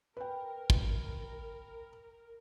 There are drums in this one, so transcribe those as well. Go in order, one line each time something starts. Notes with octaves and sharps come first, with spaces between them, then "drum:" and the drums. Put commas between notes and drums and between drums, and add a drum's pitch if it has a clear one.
A#4 B4 G5
drum: kick